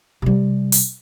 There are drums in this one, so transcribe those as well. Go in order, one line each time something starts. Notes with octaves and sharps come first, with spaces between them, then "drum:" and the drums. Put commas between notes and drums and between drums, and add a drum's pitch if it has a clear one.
C3 G3
drum: open hi-hat